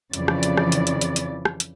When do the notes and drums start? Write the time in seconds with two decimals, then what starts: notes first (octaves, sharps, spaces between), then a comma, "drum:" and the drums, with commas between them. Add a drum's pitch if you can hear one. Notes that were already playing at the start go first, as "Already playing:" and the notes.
0.13 F2 C#3 E3 D5, drum: hi-hat
0.28 drum: rim click
0.43 drum: hi-hat
0.57 drum: rim click
0.72 drum: hi-hat
0.87 drum: hi-hat
1.01 drum: hi-hat
1.16 drum: hi-hat
1.45 drum: rim click
1.60 drum: hi-hat